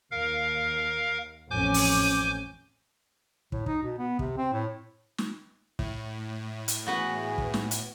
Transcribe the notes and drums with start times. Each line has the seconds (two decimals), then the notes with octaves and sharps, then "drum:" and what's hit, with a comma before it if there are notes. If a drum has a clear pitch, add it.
0.11 D#2 A#4 F5
1.51 A1 F2 C#4 G#5 D6 G6
1.74 drum: open hi-hat
3.52 A2, drum: kick
3.66 D#4, drum: kick
3.83 B2
3.99 B3
4.19 C3, drum: kick
4.37 C4
4.53 A2
5.18 drum: snare
5.79 A2, drum: kick
6.68 drum: hi-hat
6.87 E3 B3 F#4 G#4 B4
7.38 drum: kick
7.54 drum: snare
7.71 drum: hi-hat